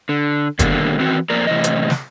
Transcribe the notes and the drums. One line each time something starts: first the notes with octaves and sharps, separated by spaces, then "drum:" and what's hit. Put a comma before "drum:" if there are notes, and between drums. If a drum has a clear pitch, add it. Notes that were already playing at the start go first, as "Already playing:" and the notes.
D3
B2 D3 D#3 G3 A#3, drum: kick F#1, hi-hat
D#3 E3 C4 F#4
F2 A#3 A#4 D5 A#5
A2 C3 E3 D#5
drum: hi-hat
drum: snare